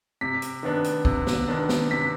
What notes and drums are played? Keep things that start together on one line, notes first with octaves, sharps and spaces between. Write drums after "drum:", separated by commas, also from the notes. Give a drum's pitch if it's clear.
C3 B6
drum: hi-hat
D#3 B3 D4
drum: hi-hat
C3, drum: kick C2
drum: snare B3
D#3 B3 D4
drum: snare B3
C3 B6